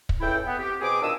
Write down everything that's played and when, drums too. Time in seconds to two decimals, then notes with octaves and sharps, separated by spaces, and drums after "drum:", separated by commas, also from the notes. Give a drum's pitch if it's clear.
0.09 drum: kick
0.21 C#2 E3 E4 A4 G5
0.46 B3
0.58 C4 G4
0.81 B2 C4 G#4 G#5 D6
1.02 A#2 D#3 D4 D#6 E6